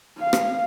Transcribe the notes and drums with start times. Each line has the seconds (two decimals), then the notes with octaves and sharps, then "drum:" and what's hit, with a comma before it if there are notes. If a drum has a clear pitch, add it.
0.19 F5
0.33 drum: rim click